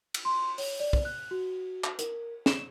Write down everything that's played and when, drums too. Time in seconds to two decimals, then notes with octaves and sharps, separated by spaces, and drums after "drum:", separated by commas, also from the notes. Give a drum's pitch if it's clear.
0.14 drum: cymbal
0.25 C6
0.58 C#5, drum: open hi-hat
0.80 D5
0.93 drum: kick
1.05 F#6
1.31 F#4
1.84 drum: clap
1.99 A#4, drum: hi-hat
2.46 E7, drum: snare